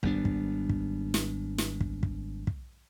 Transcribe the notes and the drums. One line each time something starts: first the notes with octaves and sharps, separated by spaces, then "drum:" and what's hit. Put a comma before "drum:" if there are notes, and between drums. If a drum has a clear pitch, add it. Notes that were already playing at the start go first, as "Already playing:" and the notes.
G#1 G3 B3 D4, drum: kick
drum: kick
drum: kick
drum: snare
drum: snare
drum: kick
drum: kick
drum: kick